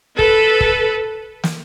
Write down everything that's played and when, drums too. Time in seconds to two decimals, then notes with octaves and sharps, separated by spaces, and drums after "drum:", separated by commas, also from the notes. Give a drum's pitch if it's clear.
0.19 A4 B4, drum: kick
0.61 drum: kick
1.43 drum: snare